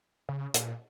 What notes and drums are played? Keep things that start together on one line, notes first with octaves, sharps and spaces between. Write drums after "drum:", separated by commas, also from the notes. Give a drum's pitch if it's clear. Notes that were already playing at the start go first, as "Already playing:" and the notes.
C#3
A#2, drum: hi-hat